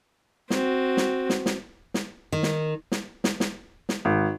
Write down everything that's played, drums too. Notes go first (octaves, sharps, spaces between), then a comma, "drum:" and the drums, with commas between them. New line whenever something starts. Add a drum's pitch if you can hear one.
C4 F#4, drum: snare
drum: snare
drum: snare
drum: snare
drum: snare
D#3
drum: snare
drum: snare
drum: snare
drum: snare
drum: snare
G#1